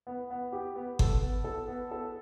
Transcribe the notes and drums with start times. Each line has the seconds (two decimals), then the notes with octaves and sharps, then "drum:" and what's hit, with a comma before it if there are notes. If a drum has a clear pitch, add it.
0.07 B3
0.31 B3
0.52 G4
0.76 B3
0.99 A4, drum: kick G1
1.21 B3
1.44 A4
1.68 B3
1.91 A4